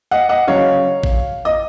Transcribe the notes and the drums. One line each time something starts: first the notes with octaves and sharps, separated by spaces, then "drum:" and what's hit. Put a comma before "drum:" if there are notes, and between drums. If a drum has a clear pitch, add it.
D#5 F#5
D#5 F#5
C#3 F#3 C#5 F5
drum: kick A1
D#5